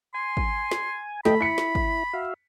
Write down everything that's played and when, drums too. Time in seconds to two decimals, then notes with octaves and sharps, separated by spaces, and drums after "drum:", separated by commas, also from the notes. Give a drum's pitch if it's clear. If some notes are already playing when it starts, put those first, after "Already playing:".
0.14 G#5 C6
0.37 drum: kick
0.71 drum: snare
1.25 A3 D#5 G5 B5, drum: snare
1.41 E4 B6 C#7
1.58 drum: snare
1.75 drum: kick
2.13 F#4 E5 F5